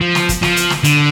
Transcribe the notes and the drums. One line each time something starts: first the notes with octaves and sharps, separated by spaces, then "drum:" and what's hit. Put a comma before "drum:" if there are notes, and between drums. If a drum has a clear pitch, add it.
F3
drum: snare
drum: kick, hi-hat
F3, drum: snare
drum: hi-hat
drum: snare
D3, drum: hi-hat